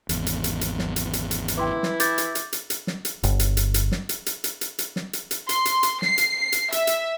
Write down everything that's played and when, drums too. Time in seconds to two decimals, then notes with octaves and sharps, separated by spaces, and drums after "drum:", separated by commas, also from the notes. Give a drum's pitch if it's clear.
0.09 G#1 E2, drum: hi-hat
0.27 drum: hi-hat
0.44 drum: hi-hat
0.61 drum: hi-hat
0.79 drum: snare
0.96 drum: hi-hat
1.13 drum: hi-hat
1.31 drum: hi-hat
1.48 drum: hi-hat
1.58 E3 E4 G5 C6 D6
1.83 drum: snare
2.00 D6 G6 A6, drum: hi-hat
2.18 drum: hi-hat
2.35 drum: hi-hat
2.53 drum: hi-hat
2.70 drum: hi-hat
2.87 drum: snare
3.05 drum: hi-hat
3.23 G1, drum: hi-hat
3.39 drum: hi-hat
3.57 drum: hi-hat
3.74 drum: hi-hat
3.92 drum: snare
4.09 drum: hi-hat
4.26 drum: hi-hat
4.44 drum: hi-hat
4.61 drum: hi-hat
4.79 drum: hi-hat
4.96 drum: snare
5.13 drum: hi-hat
5.31 drum: hi-hat
5.49 C6, drum: hi-hat
5.65 drum: hi-hat
5.83 drum: hi-hat
6.02 C7, drum: snare
6.18 drum: hi-hat
6.38 C7
6.52 drum: hi-hat
6.72 E5, drum: hi-hat
6.87 drum: hi-hat